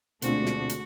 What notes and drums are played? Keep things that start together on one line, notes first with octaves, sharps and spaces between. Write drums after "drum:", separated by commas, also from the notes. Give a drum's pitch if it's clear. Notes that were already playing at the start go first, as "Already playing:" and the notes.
D2 B2 G#3 A3 C4 D4 F4 F#4, drum: hi-hat
drum: snare
drum: hi-hat